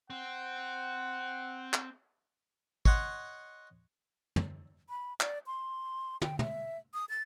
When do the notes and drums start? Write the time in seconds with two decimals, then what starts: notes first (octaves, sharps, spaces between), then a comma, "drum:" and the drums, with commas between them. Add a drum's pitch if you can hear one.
0.10 C4 F#5
1.73 drum: clap
2.85 C#5 D#5 F#5 C6, drum: kick
4.36 drum: tom
4.89 B5
5.20 D5, drum: clap
5.46 C6
6.22 G5, drum: tom
6.39 E5, drum: tom
6.94 D#6
7.09 A6